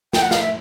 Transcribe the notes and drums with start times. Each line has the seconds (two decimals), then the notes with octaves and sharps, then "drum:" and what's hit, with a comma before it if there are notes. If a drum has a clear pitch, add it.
0.13 G5, drum: snare
0.22 F#5
0.31 F5, drum: snare
0.40 E5